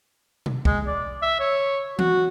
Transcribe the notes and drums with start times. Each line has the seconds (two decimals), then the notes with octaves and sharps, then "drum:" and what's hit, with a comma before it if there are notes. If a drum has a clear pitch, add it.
0.46 drum: tom B2
0.65 G#3, drum: kick
0.87 D5
1.22 E5
1.40 C#5
1.99 F#4, drum: tom E3